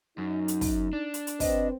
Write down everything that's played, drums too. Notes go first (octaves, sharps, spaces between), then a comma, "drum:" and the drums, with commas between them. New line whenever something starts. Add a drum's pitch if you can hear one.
F#2 D#4
drum: hi-hat
drum: kick, open hi-hat
D4
drum: hi-hat
drum: hi-hat
F#3 C4 B4 D#5, drum: kick, open hi-hat